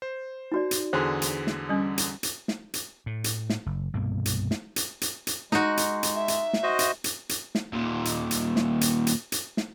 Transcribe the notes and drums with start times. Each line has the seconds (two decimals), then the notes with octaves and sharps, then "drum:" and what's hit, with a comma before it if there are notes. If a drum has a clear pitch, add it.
0.02 C5
0.52 D#4 F#4 D5
0.71 drum: hi-hat
0.93 E2 D3 G#4 C5 C6
1.22 drum: hi-hat
1.47 drum: snare
1.69 G3 C#4
1.98 drum: hi-hat
2.23 drum: hi-hat
2.48 drum: snare
2.74 drum: hi-hat
3.06 A2
3.24 drum: hi-hat
3.50 drum: snare
3.66 F#1
3.93 C2 G2 B2 A#3
4.26 drum: hi-hat
4.51 drum: snare
4.76 drum: hi-hat
5.01 drum: hi-hat
5.27 drum: hi-hat
5.52 G#3 D#4 F#4, drum: snare
5.77 drum: hi-hat
6.03 drum: hi-hat
6.15 E5
6.28 drum: hi-hat
6.53 drum: snare
6.63 F#4 C5 D#5
6.79 drum: hi-hat
7.04 drum: hi-hat
7.29 drum: hi-hat
7.55 drum: snare
7.73 D#2 A#2
8.05 drum: hi-hat
8.31 drum: hi-hat
8.56 drum: snare
8.81 drum: hi-hat
9.07 drum: hi-hat
9.32 drum: hi-hat
9.57 drum: snare